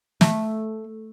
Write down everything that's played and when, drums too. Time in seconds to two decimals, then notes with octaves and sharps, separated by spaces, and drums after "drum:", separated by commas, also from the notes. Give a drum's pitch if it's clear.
0.21 A3, drum: snare